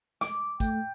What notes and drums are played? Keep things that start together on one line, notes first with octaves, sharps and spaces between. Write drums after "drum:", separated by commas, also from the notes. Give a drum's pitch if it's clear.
D6, drum: snare
A3 G5, drum: kick, hi-hat